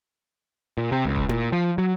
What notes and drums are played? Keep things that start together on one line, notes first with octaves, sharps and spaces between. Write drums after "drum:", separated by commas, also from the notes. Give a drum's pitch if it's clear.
A#2
C3
C#2
drum: kick E1
A#2, drum: tom E4
F3
F#3